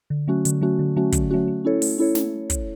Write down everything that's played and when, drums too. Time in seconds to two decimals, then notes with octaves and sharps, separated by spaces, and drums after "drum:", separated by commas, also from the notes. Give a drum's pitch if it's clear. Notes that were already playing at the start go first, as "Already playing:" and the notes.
0.10 D3
0.28 F#3 A3 C#4 F#4
0.45 D3, drum: hi-hat
0.61 F#3 A3 C#4 F#4
0.79 D3
0.96 F#3 A3 C#4 F#4
1.12 D3, drum: kick, hi-hat
1.31 F#3 A3 C#4 F#4
1.48 A3
1.65 C#4 E4 A4 C#5
1.82 A3, drum: open hi-hat
1.98 C#4 E4 A4 C#5
2.15 A3, drum: snare
2.50 drum: kick, hi-hat